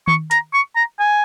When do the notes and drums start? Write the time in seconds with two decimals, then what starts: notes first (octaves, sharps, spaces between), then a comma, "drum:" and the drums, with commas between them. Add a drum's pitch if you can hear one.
0.08 C#6, drum: tom D#3
0.31 A#5, drum: hi-hat
0.54 C#6
0.76 A#5
0.99 G#5